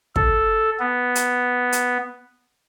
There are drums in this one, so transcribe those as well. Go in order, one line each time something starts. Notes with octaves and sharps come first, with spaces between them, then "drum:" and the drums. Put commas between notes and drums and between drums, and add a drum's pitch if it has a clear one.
A4, drum: kick
B3
drum: hi-hat
drum: hi-hat